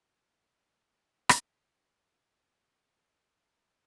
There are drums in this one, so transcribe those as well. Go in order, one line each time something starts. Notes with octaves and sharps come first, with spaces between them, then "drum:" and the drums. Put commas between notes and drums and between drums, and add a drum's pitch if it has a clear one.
A#2 F3 A#3 C#4 E4 D5
C5
drum: rim click
A#4
A4
G#4
E4
E3 A3 C4 D#4
E4